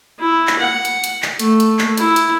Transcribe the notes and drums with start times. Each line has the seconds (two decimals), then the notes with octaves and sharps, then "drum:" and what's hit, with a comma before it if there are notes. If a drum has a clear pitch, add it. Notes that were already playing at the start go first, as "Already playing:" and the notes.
0.20 E4
0.47 drum: clap
0.59 F#5
0.85 drum: hi-hat
1.04 drum: hi-hat
1.22 drum: clap
1.39 A3, drum: hi-hat
1.60 drum: hi-hat
1.79 drum: clap
1.97 E4, drum: hi-hat
2.16 drum: hi-hat